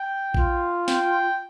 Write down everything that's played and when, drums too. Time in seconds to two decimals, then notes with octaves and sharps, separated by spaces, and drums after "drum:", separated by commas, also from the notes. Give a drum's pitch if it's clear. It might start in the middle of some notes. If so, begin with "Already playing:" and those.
Already playing: G5
0.34 F4, drum: kick A1
0.88 G5, drum: snare